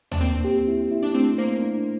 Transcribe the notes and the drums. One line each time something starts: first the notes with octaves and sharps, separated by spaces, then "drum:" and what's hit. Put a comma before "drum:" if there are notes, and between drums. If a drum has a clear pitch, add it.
D4, drum: tom D#2
A#3 C4
G4
E4
E4
D4
A3 C4
A#3 C5
D4